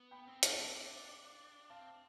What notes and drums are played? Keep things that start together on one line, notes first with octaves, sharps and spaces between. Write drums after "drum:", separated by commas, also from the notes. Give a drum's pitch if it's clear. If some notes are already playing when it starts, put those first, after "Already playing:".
Already playing: B3
G5 B5
C4
F5 A5, drum: hi-hat
D4
C4 F5 A5